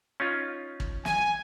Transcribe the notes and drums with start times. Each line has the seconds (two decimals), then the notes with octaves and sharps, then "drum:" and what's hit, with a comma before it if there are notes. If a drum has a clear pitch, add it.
0.20 C#4 D#4 F4
0.80 drum: kick
1.05 G#5, drum: snare